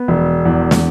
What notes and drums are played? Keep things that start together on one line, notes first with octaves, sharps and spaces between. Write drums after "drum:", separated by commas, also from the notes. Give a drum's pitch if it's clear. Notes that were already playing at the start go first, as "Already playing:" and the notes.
Already playing: B3
E1
E2
drum: snare